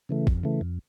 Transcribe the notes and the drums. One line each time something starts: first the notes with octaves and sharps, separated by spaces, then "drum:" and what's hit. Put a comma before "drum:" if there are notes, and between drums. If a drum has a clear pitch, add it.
C#3 E3 A3
F2, drum: kick
C#3 E3 A3
F2